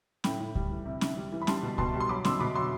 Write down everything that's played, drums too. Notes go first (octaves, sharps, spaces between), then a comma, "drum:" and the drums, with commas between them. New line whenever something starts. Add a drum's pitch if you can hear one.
A2 G5 B5, drum: snare C#4
A2
G3, drum: kick C#2
E3
C3
C3, drum: snare C#4
G3
E3
B5
G3 A5 C6, drum: snare C#4
B2
B2 A5 C6, drum: kick C#2
G3
C6
F#3 B5 D6
B2 C6 E6, drum: snare C#4
B2 B5 D6
F#3 C6 E6